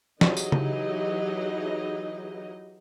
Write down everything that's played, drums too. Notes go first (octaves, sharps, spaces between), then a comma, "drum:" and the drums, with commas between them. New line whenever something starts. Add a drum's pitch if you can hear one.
E3 F#3 D#4 G4 G#4 D#5, drum: snare
drum: tambourine
drum: tom C#3